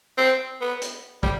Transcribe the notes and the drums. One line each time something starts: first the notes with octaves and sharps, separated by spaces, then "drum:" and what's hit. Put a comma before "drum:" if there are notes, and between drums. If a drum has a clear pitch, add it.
C4
B3
drum: hi-hat
G3, drum: kick